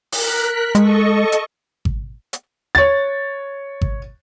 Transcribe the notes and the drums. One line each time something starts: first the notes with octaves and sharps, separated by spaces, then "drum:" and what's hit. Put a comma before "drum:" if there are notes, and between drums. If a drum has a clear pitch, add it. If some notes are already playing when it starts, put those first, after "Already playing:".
A#4 F#6 B6, drum: open hi-hat
G#3 A4 D#5 C#6, drum: hi-hat
drum: hi-hat
drum: kick G#1
drum: hi-hat
C#5 A6
drum: kick G#1